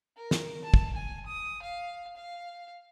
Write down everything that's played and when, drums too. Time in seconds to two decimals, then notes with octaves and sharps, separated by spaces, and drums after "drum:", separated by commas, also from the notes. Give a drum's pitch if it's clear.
0.17 A#4
0.31 drum: snare
0.64 A5
0.74 drum: kick
0.95 G#5
1.26 D#6
1.62 F5
2.16 F5